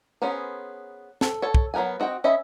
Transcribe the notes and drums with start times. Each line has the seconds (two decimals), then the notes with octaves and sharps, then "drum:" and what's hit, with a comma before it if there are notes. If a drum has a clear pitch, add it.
0.22 B3 C#4 G#4 A#4 C5
1.21 A4, drum: snare
1.42 A4 C#5
1.55 drum: kick
1.74 F#3 B3 A#4 F#5 G#5
2.00 C4 F#4 D#5 G5
2.24 C#4 D#5 E5 B5